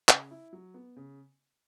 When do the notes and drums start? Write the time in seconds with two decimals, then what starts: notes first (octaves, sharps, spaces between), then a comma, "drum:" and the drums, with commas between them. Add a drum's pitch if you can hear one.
0.08 C#3, drum: clap
0.31 E4
0.53 F#3
0.74 B3
0.96 C#3